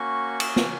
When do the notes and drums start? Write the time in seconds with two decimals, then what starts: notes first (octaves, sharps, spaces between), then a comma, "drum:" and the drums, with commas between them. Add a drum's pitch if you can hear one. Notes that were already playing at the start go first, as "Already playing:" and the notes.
Already playing: A#3 C#4 F#4 C#6
0.40 D#6, drum: cymbal
0.56 drum: snare